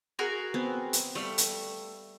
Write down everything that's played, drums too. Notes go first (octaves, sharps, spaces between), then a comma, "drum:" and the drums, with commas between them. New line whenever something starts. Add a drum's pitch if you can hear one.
F#4 G#4 A#4
B3 C4
drum: hi-hat
G3 A3 F5 B5
drum: hi-hat